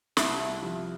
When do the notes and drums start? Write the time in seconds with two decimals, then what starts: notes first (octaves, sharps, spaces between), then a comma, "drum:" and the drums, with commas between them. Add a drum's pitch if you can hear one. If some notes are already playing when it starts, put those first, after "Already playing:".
0.17 C2 E4, drum: snare
0.62 C3 F3